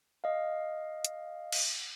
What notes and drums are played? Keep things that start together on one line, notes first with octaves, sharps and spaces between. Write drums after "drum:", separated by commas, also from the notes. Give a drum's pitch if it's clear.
D#5 F5
drum: hi-hat
drum: cymbal